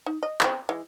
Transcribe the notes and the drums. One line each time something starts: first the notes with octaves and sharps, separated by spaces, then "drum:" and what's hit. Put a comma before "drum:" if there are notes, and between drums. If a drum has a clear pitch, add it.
D#4
D#5
B3 C4, drum: clap
E3 G#3